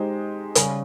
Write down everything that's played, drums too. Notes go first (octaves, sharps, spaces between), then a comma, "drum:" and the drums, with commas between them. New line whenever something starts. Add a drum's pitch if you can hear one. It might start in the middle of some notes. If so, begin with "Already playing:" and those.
Already playing: G#3 D#4 G4 C5
C#3 G3 C#4, drum: hi-hat